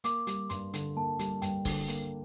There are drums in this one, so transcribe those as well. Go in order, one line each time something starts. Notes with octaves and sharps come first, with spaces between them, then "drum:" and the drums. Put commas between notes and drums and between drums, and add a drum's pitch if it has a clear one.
A#3 D6, drum: hi-hat
G3, drum: hi-hat
G2 C6, drum: hi-hat
D3, drum: hi-hat
A#3 A5
G3, drum: hi-hat
G2 G5, drum: hi-hat
D3, drum: kick, open hi-hat
A#3, drum: hi-hat